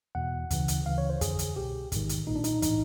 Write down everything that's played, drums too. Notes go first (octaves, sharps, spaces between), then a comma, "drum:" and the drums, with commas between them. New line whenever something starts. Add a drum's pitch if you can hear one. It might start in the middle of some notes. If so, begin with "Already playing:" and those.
E2 B2 F#5
D2 C#3 E3, drum: kick, hi-hat
drum: hi-hat
D2 C#3 E3 F5
C#5
C5
F2 D3 G#4, drum: kick, hi-hat
drum: hi-hat
C2 B2 G4
A1 G#2 D#3, drum: kick, hi-hat
drum: hi-hat
B1 A#2 D#4
D4
D#4, drum: hi-hat
A2 E3 D#4, drum: kick, hi-hat